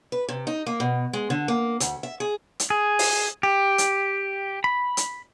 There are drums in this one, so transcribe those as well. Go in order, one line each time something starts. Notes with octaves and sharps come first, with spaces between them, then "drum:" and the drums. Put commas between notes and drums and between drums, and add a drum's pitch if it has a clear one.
B4
C3
D#4
A#3
B2
G#3
D3
A#3
D2, drum: hi-hat
E5
G#4
drum: hi-hat
G#4
drum: open hi-hat
G4
drum: hi-hat
B5
drum: hi-hat